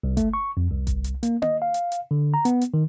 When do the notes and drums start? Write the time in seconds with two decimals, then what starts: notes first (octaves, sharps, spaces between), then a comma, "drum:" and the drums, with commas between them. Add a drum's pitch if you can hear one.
0.03 C2
0.17 A3, drum: kick G1, hi-hat
0.34 C#6
0.57 F2
0.70 C2
0.87 drum: kick G1, hi-hat
1.04 drum: hi-hat
1.23 A#3, drum: hi-hat
1.42 D#5, drum: tom A#3
1.62 F5
1.74 drum: hi-hat
1.92 drum: hi-hat
2.11 D3
2.34 A#5
2.45 B3, drum: hi-hat
2.61 drum: hi-hat
2.74 D#3